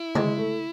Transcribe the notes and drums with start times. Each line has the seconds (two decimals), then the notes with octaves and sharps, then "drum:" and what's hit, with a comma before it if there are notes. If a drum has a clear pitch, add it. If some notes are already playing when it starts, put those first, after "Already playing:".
Already playing: E4
0.15 G#3, drum: tom
0.37 A3